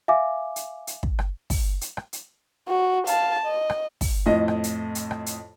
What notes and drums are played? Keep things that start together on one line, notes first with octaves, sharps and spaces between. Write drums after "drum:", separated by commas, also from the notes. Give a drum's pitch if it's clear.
E5 F5 G#5 D6
drum: hi-hat
drum: hi-hat
drum: kick
drum: rim click
drum: kick, open hi-hat
drum: hi-hat
drum: rim click
drum: hi-hat
F#4
F5 A5, drum: hi-hat
D#5
drum: rim click
drum: kick, open hi-hat
F2 A2 D#5
drum: rim click
drum: hi-hat
drum: hi-hat
drum: rim click
drum: hi-hat